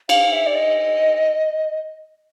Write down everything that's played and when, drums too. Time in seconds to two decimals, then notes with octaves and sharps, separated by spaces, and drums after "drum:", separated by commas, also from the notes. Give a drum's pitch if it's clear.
0.09 F5, drum: cymbal
0.32 E5
0.46 D5
0.55 D#5